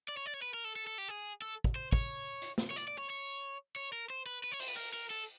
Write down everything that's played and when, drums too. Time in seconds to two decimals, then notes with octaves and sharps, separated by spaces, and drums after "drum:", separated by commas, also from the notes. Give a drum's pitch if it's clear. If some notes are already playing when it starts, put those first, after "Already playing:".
0.09 D5
0.17 C#5
0.26 D5
0.34 C#5
0.42 B4
0.54 A#4
0.65 A4
0.76 A4
0.87 A4
0.98 G4
1.08 G#4
1.42 A4
1.64 drum: kick
1.75 C5
1.93 C#5, drum: kick
2.42 drum: hi-hat
2.58 drum: snare
2.71 C#5
2.76 D5, drum: hi-hat
2.88 D5
2.98 C#5
3.10 C#5
3.76 C#5
3.93 A#4
4.10 C5
4.26 B4
4.44 B4
4.51 C#5
4.60 C5, drum: open hi-hat
4.68 B4
4.77 A#4
4.94 A#4
5.10 A4